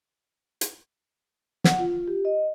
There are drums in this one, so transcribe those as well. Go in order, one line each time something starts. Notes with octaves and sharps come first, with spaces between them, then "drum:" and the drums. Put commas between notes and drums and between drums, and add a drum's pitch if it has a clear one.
drum: hi-hat
F#5, drum: snare
F4
G4
D#5